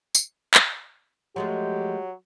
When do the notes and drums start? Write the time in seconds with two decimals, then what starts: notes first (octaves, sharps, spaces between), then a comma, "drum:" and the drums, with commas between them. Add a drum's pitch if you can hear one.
0.15 drum: tambourine
0.54 drum: clap
1.36 F3 F#3 G#3 A3 G4